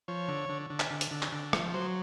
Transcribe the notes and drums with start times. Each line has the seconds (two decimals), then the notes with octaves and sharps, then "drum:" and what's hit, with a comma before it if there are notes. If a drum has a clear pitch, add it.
0.08 F3 C#5
0.28 D3
0.49 D3
0.70 D3
0.80 drum: clap
0.90 D3
1.01 drum: hi-hat
1.11 D3
1.22 drum: clap
1.32 D3
1.53 F3, drum: rim click
1.74 F#3 C5